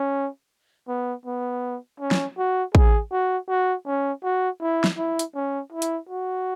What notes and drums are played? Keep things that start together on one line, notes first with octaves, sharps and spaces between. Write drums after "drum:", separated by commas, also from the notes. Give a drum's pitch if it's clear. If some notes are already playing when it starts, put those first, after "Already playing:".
Already playing: C#4
B3
B3
C#4
drum: snare
F#4
G#4, drum: kick
F#4
F#4
C#4
F#4
E4
drum: snare
E4
drum: hi-hat
C#4
E4
drum: hi-hat
F#4